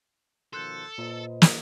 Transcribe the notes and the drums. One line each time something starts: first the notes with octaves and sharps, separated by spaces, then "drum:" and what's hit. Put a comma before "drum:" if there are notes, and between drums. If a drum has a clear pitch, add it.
B2 D#3 F3 A4 C6 F#6 G6
A#2 B4 C5 D#5
drum: snare